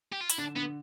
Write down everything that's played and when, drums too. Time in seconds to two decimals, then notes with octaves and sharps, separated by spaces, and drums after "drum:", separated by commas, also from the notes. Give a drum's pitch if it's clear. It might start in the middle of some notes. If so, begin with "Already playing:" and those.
0.12 G4
0.21 F4
0.29 E4, drum: hi-hat
0.38 D3 D4
0.56 D3 B3